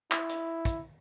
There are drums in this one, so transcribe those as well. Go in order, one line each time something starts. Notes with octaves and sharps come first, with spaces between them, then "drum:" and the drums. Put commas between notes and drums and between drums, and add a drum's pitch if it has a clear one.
E4, drum: clap
drum: hi-hat
drum: kick, hi-hat